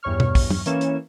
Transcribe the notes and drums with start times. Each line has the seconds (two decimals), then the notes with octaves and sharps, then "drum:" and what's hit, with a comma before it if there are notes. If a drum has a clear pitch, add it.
0.03 E2 G2 C#5 C#6 F6
0.20 drum: tom
0.35 drum: kick, open hi-hat
0.50 drum: tom
0.66 E3 A#3 C#4 C#5 E7, drum: hi-hat
0.81 drum: hi-hat